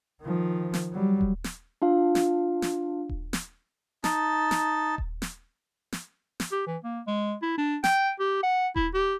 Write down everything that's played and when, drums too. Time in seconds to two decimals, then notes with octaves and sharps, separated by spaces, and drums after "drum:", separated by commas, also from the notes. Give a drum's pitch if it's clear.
0.22 D#3 F3
0.74 drum: snare
0.92 F#3 G3
1.21 drum: kick D#1
1.44 drum: snare
1.82 D4 F4 F5
2.15 drum: snare
2.62 drum: snare
3.09 drum: kick D#1
3.33 drum: snare
4.04 D#4 A5, drum: snare
4.51 drum: snare
4.98 drum: kick D#1
5.22 drum: snare
5.92 drum: snare
6.40 drum: snare
6.52 G4
6.67 E3
6.84 A#3
7.07 G#3
7.42 E4
7.58 D4
7.84 G5, drum: snare
8.20 G4
8.43 F#5
8.76 E4, drum: kick D#1
8.94 G4